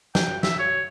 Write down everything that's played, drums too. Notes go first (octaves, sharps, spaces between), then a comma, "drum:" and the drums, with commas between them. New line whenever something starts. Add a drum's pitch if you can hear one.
G5, drum: snare
E5, drum: snare
C#5